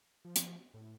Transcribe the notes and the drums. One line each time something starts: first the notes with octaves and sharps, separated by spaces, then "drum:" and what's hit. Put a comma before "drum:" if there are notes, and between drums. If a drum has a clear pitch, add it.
F3
drum: hi-hat
A2